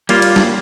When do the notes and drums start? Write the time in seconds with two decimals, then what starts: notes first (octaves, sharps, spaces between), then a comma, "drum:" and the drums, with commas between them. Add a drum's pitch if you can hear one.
0.09 G3 A#3 F4, drum: cymbal
0.22 drum: cymbal
0.36 drum: snare